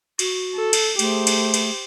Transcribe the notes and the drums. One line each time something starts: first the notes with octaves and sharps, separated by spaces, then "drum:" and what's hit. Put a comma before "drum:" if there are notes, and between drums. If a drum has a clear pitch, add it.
F#4, drum: cymbal
A4
drum: cymbal
A3 G4 G#4 C5, drum: cymbal
drum: cymbal
drum: cymbal